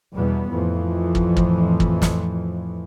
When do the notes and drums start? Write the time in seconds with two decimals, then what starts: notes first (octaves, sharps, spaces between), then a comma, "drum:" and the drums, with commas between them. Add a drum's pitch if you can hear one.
0.15 E2 B2 E3 G3 B3
0.50 F2 A2 E3 F3
1.15 drum: kick
1.37 drum: kick
1.80 drum: kick
2.02 drum: snare